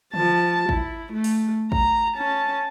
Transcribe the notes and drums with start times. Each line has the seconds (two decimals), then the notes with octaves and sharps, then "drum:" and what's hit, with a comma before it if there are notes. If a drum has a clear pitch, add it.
0.14 F3 A5, drum: tom C#3
0.69 E4, drum: kick
1.13 A3
1.24 drum: open hi-hat
1.72 A#5, drum: kick
2.16 C#4 A5